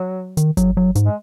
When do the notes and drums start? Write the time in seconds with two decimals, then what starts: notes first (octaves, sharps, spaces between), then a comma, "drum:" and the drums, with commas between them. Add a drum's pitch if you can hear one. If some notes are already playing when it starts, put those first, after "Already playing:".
Already playing: F#3
0.37 D#3, drum: hi-hat
0.57 F#3, drum: kick G1, hi-hat
0.77 F#3
0.95 G#2, drum: hi-hat
1.05 G#3